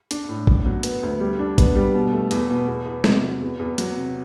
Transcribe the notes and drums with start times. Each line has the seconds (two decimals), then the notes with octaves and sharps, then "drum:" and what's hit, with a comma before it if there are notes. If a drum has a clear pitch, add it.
0.11 D4, drum: hi-hat
0.29 A2
0.47 A2, drum: kick A1
0.66 F#3
0.83 B3, drum: hi-hat
1.03 D2
1.20 G3
1.39 D4
1.58 B3, drum: kick A1, hi-hat
1.75 G3
1.94 B2
2.13 A3
2.31 E2, drum: hi-hat
2.50 B2
2.67 E2
2.86 E2
3.04 C3, drum: snare
3.23 F#3
3.42 E2
3.59 E2
3.78 F#3, drum: hi-hat
3.97 C3